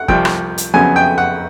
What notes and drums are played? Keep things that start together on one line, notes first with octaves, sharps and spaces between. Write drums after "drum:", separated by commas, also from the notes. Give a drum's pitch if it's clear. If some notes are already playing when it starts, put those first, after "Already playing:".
Already playing: F#5
C2 C3 F3 G5, drum: kick G1
drum: rim click
drum: hi-hat
F2 C#3 F#3 B3 G#5
G5
F#5